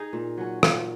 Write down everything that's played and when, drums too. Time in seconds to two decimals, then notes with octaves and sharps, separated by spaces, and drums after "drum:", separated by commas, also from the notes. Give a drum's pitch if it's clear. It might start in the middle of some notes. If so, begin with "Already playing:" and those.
Already playing: D#4 G#4
0.13 A#2
0.37 F#3 C#4
0.63 A#2, drum: rim click